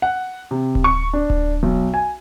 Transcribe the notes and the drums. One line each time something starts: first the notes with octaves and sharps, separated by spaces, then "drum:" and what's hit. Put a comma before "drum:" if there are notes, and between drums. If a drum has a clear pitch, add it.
F#5
C3
drum: kick D1
C#6
D4
drum: kick D1
B1
G#5